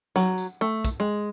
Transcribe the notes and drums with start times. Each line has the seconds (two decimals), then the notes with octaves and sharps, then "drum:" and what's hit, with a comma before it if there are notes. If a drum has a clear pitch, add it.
0.16 F#3, drum: snare
0.38 drum: tambourine
0.61 A3
0.85 drum: kick, tambourine
1.00 G#3